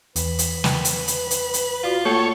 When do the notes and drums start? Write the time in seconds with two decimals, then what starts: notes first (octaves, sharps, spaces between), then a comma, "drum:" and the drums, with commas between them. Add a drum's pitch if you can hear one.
0.16 E2 B4, drum: hi-hat
0.39 drum: hi-hat
0.64 G5, drum: snare
0.85 drum: hi-hat
1.08 drum: hi-hat
1.31 drum: hi-hat
1.54 drum: hi-hat
1.83 F4 F#4 D5 F5
2.05 A3 A#3 F4 A4 C#5